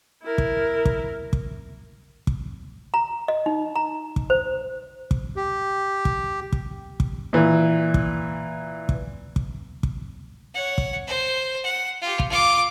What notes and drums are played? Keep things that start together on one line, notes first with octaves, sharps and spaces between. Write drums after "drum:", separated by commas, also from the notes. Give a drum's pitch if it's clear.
E4 A#4
drum: kick
drum: kick
drum: kick
drum: kick
A#5
D#5
D#4
A#5
drum: kick
C5
drum: kick
G4
drum: kick
drum: kick
drum: kick
A#2 E3
drum: kick
drum: kick
drum: kick
drum: kick
C#5 F#5
drum: kick
C5
F#5
F4 G4
drum: kick
F4 D6